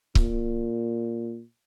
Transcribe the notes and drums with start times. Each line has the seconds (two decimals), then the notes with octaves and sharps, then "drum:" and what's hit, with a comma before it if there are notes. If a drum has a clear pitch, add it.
0.15 A#2, drum: kick C#1